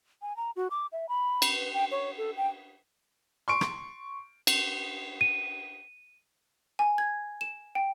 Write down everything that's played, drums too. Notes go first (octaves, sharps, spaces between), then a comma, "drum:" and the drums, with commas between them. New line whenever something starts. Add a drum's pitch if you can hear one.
G#5
A#5
F#4
D6
E5
B5
drum: cymbal
B4
G5
C#5
A4
G5
C6 C#6 D7
drum: rim click
drum: cymbal
D#7
G#5
G#6
E7
G5